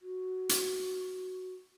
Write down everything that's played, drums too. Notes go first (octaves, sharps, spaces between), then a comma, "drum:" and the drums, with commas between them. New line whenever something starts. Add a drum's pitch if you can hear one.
F#4
drum: hi-hat